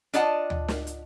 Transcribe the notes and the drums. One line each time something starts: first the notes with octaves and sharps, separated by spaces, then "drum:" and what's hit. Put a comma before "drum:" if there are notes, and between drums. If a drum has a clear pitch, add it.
D4 F4 D5 D#5 F#5 A5, drum: hi-hat
drum: tom D2
drum: snare
drum: hi-hat